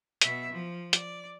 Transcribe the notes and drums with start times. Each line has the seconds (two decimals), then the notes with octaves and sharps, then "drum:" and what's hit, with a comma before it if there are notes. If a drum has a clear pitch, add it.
0.22 B2 E5, drum: hi-hat
0.52 F3
0.93 D5, drum: hi-hat